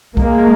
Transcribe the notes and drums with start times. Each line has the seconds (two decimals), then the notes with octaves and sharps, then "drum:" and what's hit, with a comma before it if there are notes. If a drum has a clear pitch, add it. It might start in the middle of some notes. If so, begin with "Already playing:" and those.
0.17 G#3 A#3, drum: kick B1